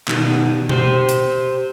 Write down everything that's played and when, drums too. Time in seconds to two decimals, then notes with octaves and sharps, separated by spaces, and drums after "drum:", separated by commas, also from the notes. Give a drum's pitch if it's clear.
0.08 B2 D#3 G3 B3, drum: clap
0.69 G4 C5, drum: tom B2
1.09 drum: hi-hat